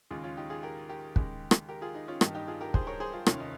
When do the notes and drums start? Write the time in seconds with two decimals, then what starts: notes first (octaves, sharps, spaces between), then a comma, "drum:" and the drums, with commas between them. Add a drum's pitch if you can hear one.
0.11 D#2 C#3 G#3 F4 G#4
0.24 C#4 F4
0.37 D#4 G4
0.50 F4 G#4
0.63 G4 A#4
0.89 G4 A#4
1.16 D#2 C#3 G#3, drum: kick
1.51 drum: rim click
1.69 G4 A#4
1.81 F4 G#4
1.95 D#4
2.08 C#4 F4
2.21 G2 D#3 A#3 D#4 G4, drum: rim click
2.35 D#4 G4
2.47 F4 G#4
2.61 G4 A#4
2.74 G#4 C5, drum: kick
2.87 A#4 C#5
3.00 G#4 C5
3.13 F4 G#4
3.26 F1 D#2 D#3 C#4 F4, drum: rim click
3.40 D#4